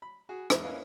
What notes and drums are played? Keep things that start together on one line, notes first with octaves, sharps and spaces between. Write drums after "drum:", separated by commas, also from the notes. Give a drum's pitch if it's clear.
B5
F#4 G#4
E2 G#2, drum: rim click
A#3 C#4 E4 B4 D#5 F5